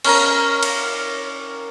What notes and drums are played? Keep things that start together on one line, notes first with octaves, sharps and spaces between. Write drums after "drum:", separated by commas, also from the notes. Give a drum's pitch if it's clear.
C#4 A#4 A#5, drum: cymbal
drum: cymbal